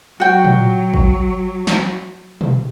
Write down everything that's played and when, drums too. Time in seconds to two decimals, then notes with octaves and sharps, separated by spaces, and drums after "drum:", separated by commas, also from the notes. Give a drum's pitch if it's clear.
0.20 F#3 F#4 G5
0.44 drum: tom A#2
0.94 drum: kick
1.67 drum: snare
2.41 drum: tom B2